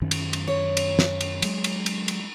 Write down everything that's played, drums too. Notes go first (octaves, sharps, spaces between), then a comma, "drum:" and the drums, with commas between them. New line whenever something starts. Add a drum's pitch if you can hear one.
F#2 D#3 C#4
drum: cymbal
drum: cymbal
C#5
drum: cymbal
drum: snare
drum: cymbal
F#3 G#3, drum: cymbal
drum: cymbal
drum: cymbal
drum: cymbal